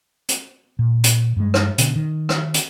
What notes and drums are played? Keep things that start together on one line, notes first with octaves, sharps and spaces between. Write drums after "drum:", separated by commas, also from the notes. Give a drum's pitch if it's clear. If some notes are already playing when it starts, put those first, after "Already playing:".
drum: hi-hat
A#2
drum: hi-hat
G2 G#3
drum: rim click
B2 D3, drum: hi-hat
D#3
drum: rim click
drum: hi-hat